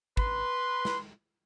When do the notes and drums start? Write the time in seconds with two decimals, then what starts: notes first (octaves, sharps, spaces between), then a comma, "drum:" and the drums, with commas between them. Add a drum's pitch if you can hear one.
0.17 B4 C6, drum: kick
0.85 drum: snare